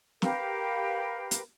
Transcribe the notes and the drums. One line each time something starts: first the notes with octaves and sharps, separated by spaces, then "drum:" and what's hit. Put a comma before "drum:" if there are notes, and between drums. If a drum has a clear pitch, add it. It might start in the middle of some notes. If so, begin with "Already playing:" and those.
G4 A#4 B4 F5, drum: snare
drum: hi-hat